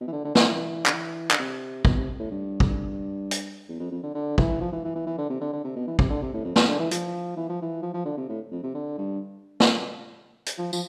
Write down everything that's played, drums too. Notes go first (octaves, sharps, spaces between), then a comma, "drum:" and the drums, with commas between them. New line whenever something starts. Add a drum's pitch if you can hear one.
B2
E3
D3
D3
E3, drum: snare
D3, drum: clap
E3
D3, drum: clap
C3
B2, drum: kick
C3
A2
G2
drum: kick
drum: hi-hat
E2
F2
F2
D3
D3
E3, drum: kick
F3
E3
E3
E3
E3
D3
C3
D3
D3
C3
B2
E3
C3, drum: kick
D3
C3
A2
F2
E2, drum: snare
D3
E3
F3, drum: hi-hat
E3
F3
E3
F3
F3
D3
C3
A2
F2
C3
D3
G2
drum: snare
drum: hi-hat
F3
F3, drum: tambourine